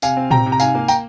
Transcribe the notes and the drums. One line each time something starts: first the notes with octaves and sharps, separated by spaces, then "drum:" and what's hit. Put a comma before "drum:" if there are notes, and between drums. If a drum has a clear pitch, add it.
C3 F5 G#5, drum: tambourine
C4
C3 G5 A#5, drum: tom
C3
A#5
G#2 F5 G#5, drum: tambourine
A#3
G5 A#5, drum: tambourine